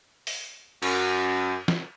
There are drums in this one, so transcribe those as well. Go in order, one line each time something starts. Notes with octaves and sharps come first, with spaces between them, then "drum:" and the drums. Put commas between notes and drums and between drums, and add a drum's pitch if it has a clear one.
drum: open hi-hat
F#2, drum: cymbal
drum: snare